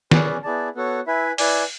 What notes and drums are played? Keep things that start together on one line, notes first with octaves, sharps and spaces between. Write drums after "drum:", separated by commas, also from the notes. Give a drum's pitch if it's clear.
C#4 G#4 B4 D5, drum: snare
B3 E4 G#4 D5 A5
B3 F#4 A4 C#5
E4 B4 E5 G#5
E4 B4 D5 G#5, drum: open hi-hat